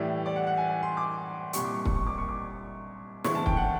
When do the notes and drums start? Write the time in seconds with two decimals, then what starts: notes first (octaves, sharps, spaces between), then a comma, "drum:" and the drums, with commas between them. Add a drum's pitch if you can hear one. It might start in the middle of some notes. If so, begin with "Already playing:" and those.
Already playing: A2 E3 G3 D5
0.26 D5
0.36 F#5
0.47 F#5
0.57 G#5
0.68 G#5
0.83 C6
0.97 D6
1.53 C2 A#2 G3 C#6, drum: hi-hat
1.64 D6
1.74 C#6
1.85 C#6, drum: kick
1.96 C#6
2.06 D6
2.18 C#6
2.28 D6
3.24 D2 C#3 E3 G#3 C#6, drum: snare
3.35 A5
3.46 G5, drum: kick
3.57 F#5